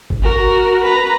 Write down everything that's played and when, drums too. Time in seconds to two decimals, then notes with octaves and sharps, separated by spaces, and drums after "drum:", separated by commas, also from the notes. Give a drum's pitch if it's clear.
0.10 drum: kick G1
0.23 F#4 A#4
0.84 B4 A#5